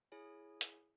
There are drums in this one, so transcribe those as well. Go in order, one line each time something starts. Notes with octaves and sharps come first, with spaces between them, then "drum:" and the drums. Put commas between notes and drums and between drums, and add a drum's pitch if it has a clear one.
E4 G#4 C#5 G#5
drum: hi-hat